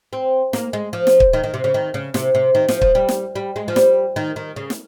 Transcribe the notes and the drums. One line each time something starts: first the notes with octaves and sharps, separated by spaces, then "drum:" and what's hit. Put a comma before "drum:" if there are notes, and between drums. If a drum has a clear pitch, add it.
C4
A#3, drum: snare
G#3
F3
drum: snare
drum: kick
D#3
D#3
C3
C#3
D#3
C#3
C3, drum: snare
C3
D#3
F3, drum: snare
F3, drum: kick
G3
drum: snare
G3
G#3
F3
G3, drum: snare
D#3
D#3
C#3
drum: snare